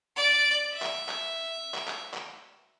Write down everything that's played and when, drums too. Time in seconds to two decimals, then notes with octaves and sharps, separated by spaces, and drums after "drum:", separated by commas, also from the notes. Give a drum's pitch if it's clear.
0.16 D5
0.73 E5
0.82 drum: clap
1.09 drum: clap
1.74 drum: clap
1.88 drum: clap
2.14 drum: clap